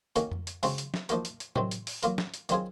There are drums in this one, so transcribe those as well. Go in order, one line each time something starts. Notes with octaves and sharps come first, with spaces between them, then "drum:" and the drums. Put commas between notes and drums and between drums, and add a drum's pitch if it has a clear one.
D#3 A#3 C#4 F#4 A#4, drum: hi-hat
drum: tom F2
drum: hi-hat
C#3 G#3 C4 F#4, drum: open hi-hat
drum: hi-hat
drum: snare
F3 A#3 D#4 F#4 A#4, drum: hi-hat
drum: hi-hat
drum: hi-hat
C3 D#3 F#3 C4, drum: tom A2
drum: hi-hat
drum: open hi-hat
F#3 A#3 F4 A#4, drum: hi-hat
drum: snare
drum: hi-hat
D#3 F#3 C4 F4 G#4, drum: hi-hat